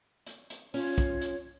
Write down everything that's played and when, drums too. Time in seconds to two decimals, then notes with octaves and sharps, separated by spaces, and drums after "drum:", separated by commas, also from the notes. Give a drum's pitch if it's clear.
0.26 drum: hi-hat
0.50 drum: hi-hat
0.74 C#4 F4 C#5, drum: open hi-hat
0.98 drum: kick, hi-hat
1.21 drum: hi-hat